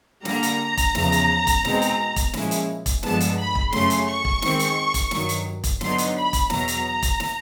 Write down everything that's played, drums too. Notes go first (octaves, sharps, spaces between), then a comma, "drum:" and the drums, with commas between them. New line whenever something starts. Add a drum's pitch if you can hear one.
D3 G3 A#3 A#5, drum: snare
drum: hi-hat
drum: kick E1, hi-hat
E2 C#3 F3, drum: snare
drum: hi-hat
drum: kick E1, hi-hat
B2 G#3 C4 D#4, drum: snare
drum: hi-hat
drum: kick E1, hi-hat
A#2 F3 G#3 C#4 E4, drum: snare
drum: hi-hat
drum: kick E1, hi-hat
G2 D3 F3 G#3 B3 A5, drum: snare
drum: hi-hat
B5
drum: kick E1
F#2 C#3 F#3 A3 C#4 C6, drum: snare
drum: hi-hat
C#6
drum: kick E1
D#3 G#3 C4, drum: snare
drum: hi-hat
drum: kick E1, hi-hat
G2 D#3 F#3, drum: snare
drum: hi-hat
drum: kick E1, hi-hat
D3 F#3 B3 D#4 C6, drum: snare
drum: hi-hat
B5
drum: kick E1, hi-hat
E2 B2 F#3 A#5, drum: snare
drum: hi-hat
drum: kick E1, hi-hat
drum: snare